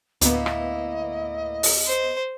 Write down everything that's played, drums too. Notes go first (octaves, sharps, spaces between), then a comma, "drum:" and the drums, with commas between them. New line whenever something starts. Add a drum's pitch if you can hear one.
D2 A2 A#3 B3 E4 D#5, drum: hi-hat
drum: rim click
drum: open hi-hat
C5